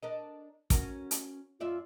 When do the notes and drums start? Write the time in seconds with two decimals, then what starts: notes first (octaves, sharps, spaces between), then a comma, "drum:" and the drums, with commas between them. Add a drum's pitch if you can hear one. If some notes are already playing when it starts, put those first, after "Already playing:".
0.03 D4 A#4 D#5
0.70 C#4 F#4 A#4, drum: kick, hi-hat
1.11 drum: hi-hat
1.60 F#2 F4 D5 E5